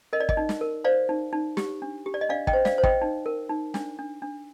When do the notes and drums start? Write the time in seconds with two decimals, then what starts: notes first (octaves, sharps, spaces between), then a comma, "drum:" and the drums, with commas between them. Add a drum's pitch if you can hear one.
0.13 A#4 D#5
0.20 D5
0.29 D#5, drum: kick
0.37 D#4
0.49 drum: snare
0.61 A#4
0.84 C5 D5 F5
1.09 D#4
1.33 D#4
1.57 G4, drum: snare
1.82 D4
2.06 G4
2.14 D5
2.21 D#5
2.29 D4 D5 F5
2.47 D#5 G5, drum: kick
2.53 C5
2.65 D5 F5, drum: snare
2.78 C5
2.83 D#5 G5, drum: kick
3.01 D#4
3.26 A#4
3.49 D#4
3.74 D4, drum: snare
3.99 D4
4.22 D4